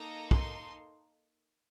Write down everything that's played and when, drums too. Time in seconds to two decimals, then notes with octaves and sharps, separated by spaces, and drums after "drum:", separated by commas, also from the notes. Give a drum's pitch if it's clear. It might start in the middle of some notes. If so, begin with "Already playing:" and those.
Already playing: A#3 D#4 A4 A#5
0.31 C6, drum: kick